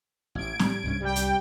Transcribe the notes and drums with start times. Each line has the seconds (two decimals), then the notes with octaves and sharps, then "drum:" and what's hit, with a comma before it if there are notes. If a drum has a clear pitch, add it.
0.35 A1 G#6 D7
0.59 A2 F3 G3, drum: snare
0.83 C2 G2 C#4
1.00 C2 G3 G5
1.16 drum: hi-hat